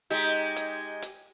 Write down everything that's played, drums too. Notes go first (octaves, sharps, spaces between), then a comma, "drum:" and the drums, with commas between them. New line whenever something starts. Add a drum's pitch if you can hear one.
G#3 D#4 G4, drum: hi-hat
drum: hi-hat
drum: hi-hat